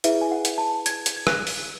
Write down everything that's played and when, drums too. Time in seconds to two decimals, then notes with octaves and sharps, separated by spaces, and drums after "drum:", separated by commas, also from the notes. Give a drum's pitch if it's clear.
0.04 E4 G#4 B4 E5, drum: hi-hat
0.21 G#5
0.32 F#5
0.45 drum: hi-hat
0.58 A5
0.86 G#6, drum: hi-hat
1.06 drum: hi-hat
1.16 G#6
1.27 F#6, drum: rim click
1.47 drum: open hi-hat